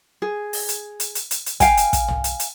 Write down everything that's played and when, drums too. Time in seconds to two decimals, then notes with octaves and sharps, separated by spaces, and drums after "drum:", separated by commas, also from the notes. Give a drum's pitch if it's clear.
0.22 G#4
0.53 drum: open hi-hat
0.69 drum: hi-hat
1.00 drum: hi-hat
1.15 drum: hi-hat
1.31 drum: hi-hat
1.46 drum: hi-hat
1.60 F5 G5 G#5, drum: kick, hi-hat
1.77 drum: hi-hat
1.93 drum: kick, hi-hat
2.08 drum: tom
2.24 drum: hi-hat
2.39 drum: hi-hat